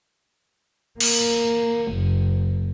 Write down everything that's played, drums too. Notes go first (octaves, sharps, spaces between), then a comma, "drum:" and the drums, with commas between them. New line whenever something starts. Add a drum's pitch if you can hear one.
A#3, drum: cymbal
F#1